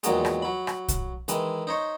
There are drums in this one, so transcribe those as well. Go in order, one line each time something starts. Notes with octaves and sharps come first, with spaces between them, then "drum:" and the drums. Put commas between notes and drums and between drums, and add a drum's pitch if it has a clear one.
E2 A#2 D#3 F#3 G#3, drum: hi-hat
drum: rim click
F#3 B5
drum: rim click
drum: kick B1, hi-hat
D#3 E3 G#3, drum: hi-hat
D#4 C5 C#5